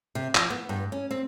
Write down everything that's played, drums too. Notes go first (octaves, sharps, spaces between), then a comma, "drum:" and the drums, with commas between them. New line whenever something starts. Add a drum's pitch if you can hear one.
C3
F3, drum: clap
B3
G2
C#4
C4